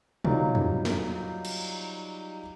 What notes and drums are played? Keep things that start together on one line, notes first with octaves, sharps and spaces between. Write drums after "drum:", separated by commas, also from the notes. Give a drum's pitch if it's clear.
F#3 G3 D#4 F4, drum: tom
drum: tom
drum: snare
drum: cymbal